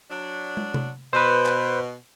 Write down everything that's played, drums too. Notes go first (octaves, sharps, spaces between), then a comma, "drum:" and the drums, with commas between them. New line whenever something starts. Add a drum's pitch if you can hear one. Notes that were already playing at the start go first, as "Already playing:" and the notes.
F#3 D4
drum: tom
drum: tom C3
B2 B4 C5
drum: clap